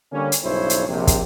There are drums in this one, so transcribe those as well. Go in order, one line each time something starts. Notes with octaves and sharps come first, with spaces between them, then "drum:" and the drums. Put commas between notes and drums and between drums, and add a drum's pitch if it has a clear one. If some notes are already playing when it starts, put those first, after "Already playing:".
D3 G3 A#3 C#4
drum: hi-hat
B1 G2 C#3 E4 C5 C#5
drum: hi-hat
A#1 C3
drum: kick, hi-hat